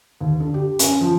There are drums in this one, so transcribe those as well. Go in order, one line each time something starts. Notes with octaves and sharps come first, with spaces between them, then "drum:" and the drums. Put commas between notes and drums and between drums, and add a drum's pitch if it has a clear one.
D#2
D3
G4
C#4, drum: hi-hat
F3